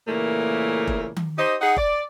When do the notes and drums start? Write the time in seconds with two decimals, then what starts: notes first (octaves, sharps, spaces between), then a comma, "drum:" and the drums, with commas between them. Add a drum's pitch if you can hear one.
0.07 A#2 C#3 E3 A3 A#3
0.87 drum: kick F1
1.17 drum: tom D#3
1.37 D#4 G4 C5 D#5
1.60 D#4 G#4 F#5
1.76 D5, drum: kick F1